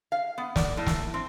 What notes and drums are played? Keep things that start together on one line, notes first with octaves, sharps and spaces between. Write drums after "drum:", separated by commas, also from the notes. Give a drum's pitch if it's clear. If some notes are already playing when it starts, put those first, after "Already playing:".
F5
B3
D5, drum: snare
A2
drum: snare
C4